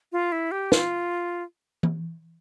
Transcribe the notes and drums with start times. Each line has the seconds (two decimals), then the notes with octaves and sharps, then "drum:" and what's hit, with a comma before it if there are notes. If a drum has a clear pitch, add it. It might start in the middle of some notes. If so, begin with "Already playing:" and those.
0.12 F4
0.32 E4
0.51 G4
0.72 F4, drum: snare
1.83 drum: tom E3